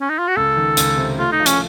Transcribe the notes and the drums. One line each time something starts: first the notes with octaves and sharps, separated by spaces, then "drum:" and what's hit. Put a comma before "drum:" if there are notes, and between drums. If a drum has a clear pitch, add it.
C#4
D#4
F4
F#4
C#2 A4
D#3
C#2, drum: hi-hat
C3
A3 F4
D#4
F3
C#4, drum: hi-hat